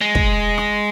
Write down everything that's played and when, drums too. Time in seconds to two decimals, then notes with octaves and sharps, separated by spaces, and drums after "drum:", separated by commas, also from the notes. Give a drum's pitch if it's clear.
0.01 G#3
0.15 drum: kick
0.58 drum: rim click